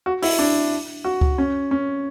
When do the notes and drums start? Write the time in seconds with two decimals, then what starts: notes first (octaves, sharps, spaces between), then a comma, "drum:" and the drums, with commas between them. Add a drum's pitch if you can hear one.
0.06 F#4
0.22 E4, drum: open hi-hat
0.39 D4
1.04 F#4
1.21 drum: kick C#2
1.38 C#4
1.71 C#4